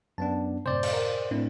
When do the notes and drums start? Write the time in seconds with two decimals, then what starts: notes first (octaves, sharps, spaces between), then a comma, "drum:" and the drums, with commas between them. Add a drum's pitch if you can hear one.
0.18 F#2 B3 D4 A5
0.66 F#2 A2 C3 C5 D5
0.83 drum: cymbal
0.93 A#4
1.31 A2 C4 D4 E4